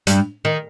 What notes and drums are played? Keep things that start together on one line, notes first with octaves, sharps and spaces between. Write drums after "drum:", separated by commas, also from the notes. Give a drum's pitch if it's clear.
G2 G3, drum: hi-hat
D#3